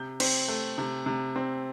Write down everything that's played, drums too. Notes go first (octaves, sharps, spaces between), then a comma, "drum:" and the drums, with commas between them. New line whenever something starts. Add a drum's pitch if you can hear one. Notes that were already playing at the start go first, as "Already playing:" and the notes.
Already playing: C3 G6
C4, drum: cymbal
A3
C3
C3
C4